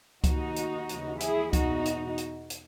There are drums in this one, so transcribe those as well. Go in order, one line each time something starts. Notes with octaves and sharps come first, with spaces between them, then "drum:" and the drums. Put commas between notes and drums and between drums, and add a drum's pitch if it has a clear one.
D#2 D#3 D#4 F#4, drum: kick C#2, hi-hat
drum: hi-hat
D#2 C#3 E3, drum: hi-hat
E4 G#4, drum: hi-hat
E2 B2 D#4 F#4, drum: kick C#2, hi-hat
drum: hi-hat
drum: hi-hat
drum: hi-hat